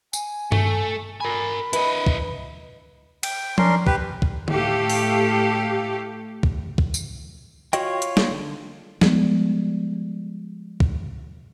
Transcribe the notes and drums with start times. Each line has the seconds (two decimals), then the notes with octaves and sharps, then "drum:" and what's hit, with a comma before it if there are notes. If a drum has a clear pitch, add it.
0.13 G#5, drum: tambourine
0.52 A3, drum: tom G2
1.20 A#4 G#5 B5
1.73 E4 B4 D#5, drum: hi-hat
2.07 drum: kick
3.23 G5, drum: cymbal
3.58 C#4 D4 A#4 C6, drum: tom F3
3.87 G4 B4, drum: kick
4.22 drum: kick
4.48 A2 A3 G4 A4 F5, drum: tom D3
4.89 drum: open hi-hat
6.43 drum: kick
6.78 drum: kick
6.94 drum: tambourine
7.73 F4 F#4 C#5 D#5 G5, drum: hi-hat
8.02 drum: hi-hat
8.17 A#3, drum: snare
8.31 D3
9.01 F3 G3 G#3 B3, drum: snare
10.80 drum: kick